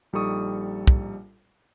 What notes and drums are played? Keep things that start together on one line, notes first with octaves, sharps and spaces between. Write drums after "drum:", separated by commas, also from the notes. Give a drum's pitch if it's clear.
A#1 G3 D#4 A4 C#6 D#6
drum: kick